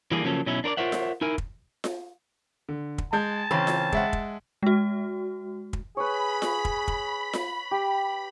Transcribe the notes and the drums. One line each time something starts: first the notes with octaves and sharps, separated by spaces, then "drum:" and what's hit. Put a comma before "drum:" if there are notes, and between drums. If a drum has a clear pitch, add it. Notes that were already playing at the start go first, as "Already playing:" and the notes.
E3 G3 A#3 D4 G#4
C#3 F3 F#3 A#3 C#4 A4
B2 F#3 C#4 D#4 E4
D4 A#4 C5 D5
F4 A#4 C5 C#5 E5 F#5
drum: snare F4
D#4 E4 A#4 G#5
drum: kick
drum: snare F4
D3
drum: kick
G#3 A5 G6 G#6
C#3 E3 C4 C#4
drum: snare F4
G#3 E5 F#5, drum: kick
drum: kick
G#3 F#4
drum: kick
G#4 B4 C#5 B5
drum: snare F4
drum: kick
drum: kick
drum: snare F4
G4